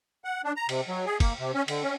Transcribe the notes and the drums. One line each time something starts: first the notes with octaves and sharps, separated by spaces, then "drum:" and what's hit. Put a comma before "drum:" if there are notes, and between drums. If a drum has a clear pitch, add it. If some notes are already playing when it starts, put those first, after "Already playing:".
F#5
D4
A#5
C3, drum: cymbal
F#3
G#4
A#3, drum: kick, cymbal
C3
C#4
D3, drum: cymbal
C#4